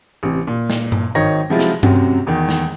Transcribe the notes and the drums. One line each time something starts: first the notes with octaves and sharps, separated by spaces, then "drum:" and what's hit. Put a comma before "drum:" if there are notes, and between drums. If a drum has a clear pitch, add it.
A1 C3
A#2
drum: snare
drum: tom G2
G#1 D#3 D#4 C#5 A#6
C3 F3 F#3 G#3 E4 F4
drum: snare
F#2 C3 F#3 C4, drum: tom G2
E2 D#3
drum: snare